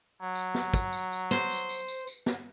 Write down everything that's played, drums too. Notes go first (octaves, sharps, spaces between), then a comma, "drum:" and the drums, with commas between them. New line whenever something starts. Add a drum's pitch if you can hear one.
F#3
drum: tambourine
drum: snare
drum: kick, tambourine
drum: tambourine
drum: tambourine
C5, drum: snare
drum: tambourine
drum: tambourine
drum: tambourine
drum: tambourine
drum: snare